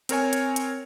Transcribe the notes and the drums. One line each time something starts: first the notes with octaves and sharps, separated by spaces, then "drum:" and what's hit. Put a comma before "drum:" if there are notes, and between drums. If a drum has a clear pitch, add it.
C4 A#4 C#5 G#5, drum: hi-hat
drum: hi-hat
drum: hi-hat